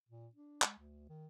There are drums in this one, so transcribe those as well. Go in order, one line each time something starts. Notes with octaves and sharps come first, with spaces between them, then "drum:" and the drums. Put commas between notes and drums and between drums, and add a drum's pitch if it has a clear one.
A#2
D4
G#3, drum: clap
D2
D#3